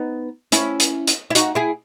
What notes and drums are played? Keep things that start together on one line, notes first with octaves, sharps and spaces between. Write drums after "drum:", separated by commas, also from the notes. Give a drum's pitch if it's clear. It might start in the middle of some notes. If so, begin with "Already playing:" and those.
Already playing: B3 D#4
C#4 E4, drum: hi-hat
drum: hi-hat
drum: hi-hat
E4
D#4 F#4, drum: hi-hat
E4 G#4